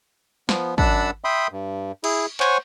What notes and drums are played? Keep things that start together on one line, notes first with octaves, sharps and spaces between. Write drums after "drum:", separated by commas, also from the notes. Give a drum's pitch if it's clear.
F3 B3, drum: snare
F#2 D4 F#5 A5 B5 E6, drum: kick
E5 G5 B5 C6 D#6
G2
E4 G#4, drum: cymbal
C5 C#5 F#5 G#5 C#6, drum: clap